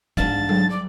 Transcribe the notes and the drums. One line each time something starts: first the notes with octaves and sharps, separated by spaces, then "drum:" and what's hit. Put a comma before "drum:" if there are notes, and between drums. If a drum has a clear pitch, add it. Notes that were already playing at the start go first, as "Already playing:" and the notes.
G#2 D4 F5 A6, drum: kick F1
drum: tom F#3
D5